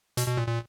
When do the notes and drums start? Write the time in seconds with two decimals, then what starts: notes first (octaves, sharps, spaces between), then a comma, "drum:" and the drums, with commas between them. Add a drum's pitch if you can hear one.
0.17 B2, drum: hi-hat
0.28 B2
0.37 A#2
0.48 A#2